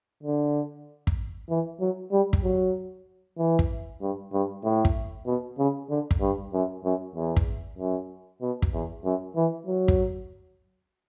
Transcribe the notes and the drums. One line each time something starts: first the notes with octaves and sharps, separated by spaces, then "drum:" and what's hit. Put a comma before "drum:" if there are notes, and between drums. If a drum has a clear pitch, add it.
D3
drum: kick
E3
F#3
G3
drum: kick
F#3
E3
drum: kick
G2
G2
A2
drum: kick
B2
C#3
D3
drum: kick
G2
F#2
F#2
E2
drum: kick
F#2
B2
drum: kick
E2
F#2
E3
F#3
drum: kick